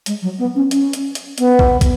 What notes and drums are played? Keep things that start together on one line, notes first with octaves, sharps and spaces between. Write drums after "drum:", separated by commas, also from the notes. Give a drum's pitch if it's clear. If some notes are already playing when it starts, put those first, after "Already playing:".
G#3, drum: hi-hat
F#3
B3
C#4
C#4, drum: hi-hat
drum: hi-hat
drum: hi-hat
B3, drum: hi-hat
drum: kick
drum: kick, hi-hat